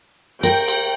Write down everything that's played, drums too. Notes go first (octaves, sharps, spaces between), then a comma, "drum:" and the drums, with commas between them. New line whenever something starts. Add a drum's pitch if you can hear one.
A#4 G5, drum: cymbal
drum: cymbal